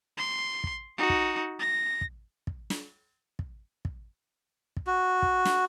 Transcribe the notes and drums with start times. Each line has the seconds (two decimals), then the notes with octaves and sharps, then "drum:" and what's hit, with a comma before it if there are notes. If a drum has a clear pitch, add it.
0.18 C6
0.64 drum: kick
0.98 D#4 F#4
1.10 drum: kick
1.60 A#6
2.01 drum: kick
2.47 drum: kick
2.70 drum: snare
3.39 drum: kick
3.85 drum: kick
4.77 drum: kick
4.87 F#4
5.22 drum: kick
5.45 drum: snare